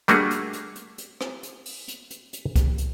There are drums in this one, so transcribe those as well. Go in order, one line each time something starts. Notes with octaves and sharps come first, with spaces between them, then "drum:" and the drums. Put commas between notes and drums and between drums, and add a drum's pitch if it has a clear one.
G3 A3 A#3 D4 F#4 G#4, drum: hi-hat
drum: hi-hat
drum: hi-hat
drum: hi-hat
drum: hi-hat
drum: rim click
drum: hi-hat
drum: open hi-hat
drum: hi-hat
drum: hi-hat
drum: hi-hat
drum: kick C2, hi-hat
drum: hi-hat